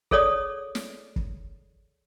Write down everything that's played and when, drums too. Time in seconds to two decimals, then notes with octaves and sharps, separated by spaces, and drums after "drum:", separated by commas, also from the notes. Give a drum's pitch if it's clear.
0.11 G#4 A4 C#5 D5 D#6, drum: kick
0.75 drum: snare
1.16 drum: kick